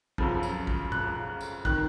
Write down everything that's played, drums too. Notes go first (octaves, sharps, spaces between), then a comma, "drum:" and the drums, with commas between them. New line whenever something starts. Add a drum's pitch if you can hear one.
F#2 C#3 F3, drum: kick
drum: tambourine
drum: kick
F#6, drum: tom A#2
drum: tambourine
D#3 F#6, drum: kick